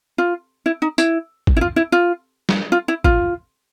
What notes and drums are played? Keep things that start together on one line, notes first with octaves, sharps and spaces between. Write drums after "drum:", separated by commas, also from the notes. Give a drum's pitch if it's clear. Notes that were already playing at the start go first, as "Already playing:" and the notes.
F4
E4
D#4
E4, drum: tambourine
drum: kick
E4
F4
E4
F4
drum: snare
F4
E4
F4, drum: kick